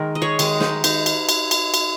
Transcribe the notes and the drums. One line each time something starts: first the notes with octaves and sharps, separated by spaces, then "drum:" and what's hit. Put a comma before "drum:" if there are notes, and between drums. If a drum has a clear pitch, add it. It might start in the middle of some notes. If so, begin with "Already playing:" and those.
Already playing: D#3 G#3 A#4
D#5
G#4 C#5
D#3 G#3, drum: cymbal
D#4, drum: snare
D#4, drum: cymbal
drum: cymbal
drum: cymbal
drum: cymbal
drum: cymbal